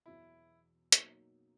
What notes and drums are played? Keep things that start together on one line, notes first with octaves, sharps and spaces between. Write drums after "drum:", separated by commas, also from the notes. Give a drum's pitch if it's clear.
E2 B2 F#3 B3 E4 F#4
B2 F#3 A#3 D#4, drum: hi-hat